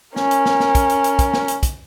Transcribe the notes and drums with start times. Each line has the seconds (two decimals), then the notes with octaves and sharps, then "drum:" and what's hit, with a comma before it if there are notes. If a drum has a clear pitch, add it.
0.16 C#4 A#4, drum: snare
0.31 drum: hi-hat
0.46 drum: snare
0.60 drum: snare
0.75 drum: kick, hi-hat
0.89 drum: hi-hat
1.04 drum: hi-hat
1.19 drum: kick, hi-hat
1.33 drum: snare
1.48 drum: hi-hat
1.63 drum: kick, hi-hat